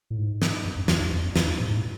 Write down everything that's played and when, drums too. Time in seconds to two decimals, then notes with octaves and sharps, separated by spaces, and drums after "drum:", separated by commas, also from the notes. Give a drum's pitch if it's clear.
0.10 A2
0.18 G#2
0.42 drum: snare
0.65 G2
0.76 F#2
0.88 F2, drum: snare
1.00 E2
1.13 F2
1.24 F2
1.36 E2, drum: snare
1.48 F2
1.60 A2
1.68 G#2
1.75 A2